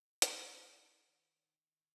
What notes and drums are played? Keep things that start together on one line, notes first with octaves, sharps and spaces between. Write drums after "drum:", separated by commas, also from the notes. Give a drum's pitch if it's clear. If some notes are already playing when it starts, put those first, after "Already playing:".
C4, drum: hi-hat
G#4 D#5
D#3